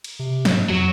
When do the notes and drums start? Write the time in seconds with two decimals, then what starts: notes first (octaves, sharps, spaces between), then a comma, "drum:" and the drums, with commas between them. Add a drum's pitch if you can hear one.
0.04 drum: cymbal
0.19 C3
0.45 G#2, drum: snare
0.70 F2 F#3